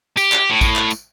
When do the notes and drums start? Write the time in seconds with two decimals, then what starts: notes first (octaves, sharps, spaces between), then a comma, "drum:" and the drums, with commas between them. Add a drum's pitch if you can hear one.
0.17 G4, drum: tambourine
0.32 drum: clap
0.50 A2
0.61 drum: kick, tambourine
0.76 drum: clap
0.90 drum: tambourine